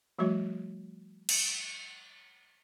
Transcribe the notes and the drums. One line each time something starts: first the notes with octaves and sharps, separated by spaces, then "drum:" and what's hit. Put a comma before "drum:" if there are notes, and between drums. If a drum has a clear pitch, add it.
F3 G3 A3 F#4 C#5
drum: cymbal